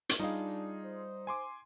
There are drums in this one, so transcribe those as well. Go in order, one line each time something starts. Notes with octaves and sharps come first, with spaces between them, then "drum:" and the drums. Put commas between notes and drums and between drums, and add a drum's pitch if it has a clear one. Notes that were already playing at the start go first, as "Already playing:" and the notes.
drum: hi-hat
G3 D4 D#4 F4 G#4 F5
C5
G#5 C6 D6